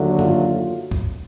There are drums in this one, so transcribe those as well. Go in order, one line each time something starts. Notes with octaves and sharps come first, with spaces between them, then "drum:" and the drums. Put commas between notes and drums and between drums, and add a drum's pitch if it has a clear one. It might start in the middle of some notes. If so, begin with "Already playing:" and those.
Already playing: D#2 D3 F#3 A3
F4, drum: tom F#2
drum: kick